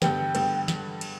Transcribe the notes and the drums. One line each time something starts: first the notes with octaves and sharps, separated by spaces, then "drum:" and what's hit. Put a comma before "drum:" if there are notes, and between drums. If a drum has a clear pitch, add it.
G2 D3 G3 B3 G5, drum: snare
G2 D3 G3 B3, drum: cymbal
drum: snare
drum: cymbal